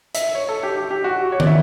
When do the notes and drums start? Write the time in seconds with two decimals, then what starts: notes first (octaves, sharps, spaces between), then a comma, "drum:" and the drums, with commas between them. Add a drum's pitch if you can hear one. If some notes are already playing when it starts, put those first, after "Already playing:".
0.15 E5, drum: hi-hat
0.35 C#5
0.49 A4
0.63 G4
0.77 G4
0.91 G4
1.04 F#4
1.19 F#4
1.32 C#5
1.40 D5, drum: tom
1.47 E5